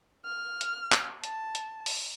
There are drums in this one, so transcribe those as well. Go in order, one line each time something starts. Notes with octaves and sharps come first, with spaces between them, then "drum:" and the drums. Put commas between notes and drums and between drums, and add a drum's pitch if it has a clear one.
F6
drum: hi-hat
drum: clap
A5, drum: hi-hat
drum: hi-hat
drum: open hi-hat